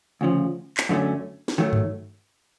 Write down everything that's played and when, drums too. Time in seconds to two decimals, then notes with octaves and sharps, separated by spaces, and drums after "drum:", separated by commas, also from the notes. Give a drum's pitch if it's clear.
0.21 D2 C#3 F3
0.77 drum: clap
0.89 F#2 D3 F#3 A3 C#4
1.48 drum: snare
1.58 D#3 F#3 A3
1.73 drum: tom G2